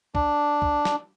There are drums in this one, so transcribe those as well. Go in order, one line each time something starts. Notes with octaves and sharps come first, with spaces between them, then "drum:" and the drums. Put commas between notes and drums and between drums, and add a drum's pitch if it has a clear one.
D4, drum: kick
drum: kick
drum: snare